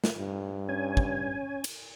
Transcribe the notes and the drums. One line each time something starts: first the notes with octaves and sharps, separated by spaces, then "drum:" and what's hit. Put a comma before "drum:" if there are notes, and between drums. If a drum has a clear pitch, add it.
drum: snare
G2
C#4 G#5
drum: kick
drum: cymbal